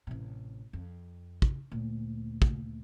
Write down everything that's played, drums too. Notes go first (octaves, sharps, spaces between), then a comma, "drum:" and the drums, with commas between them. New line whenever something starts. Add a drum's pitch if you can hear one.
A1 C3
F2
drum: kick
D2 A#2
drum: kick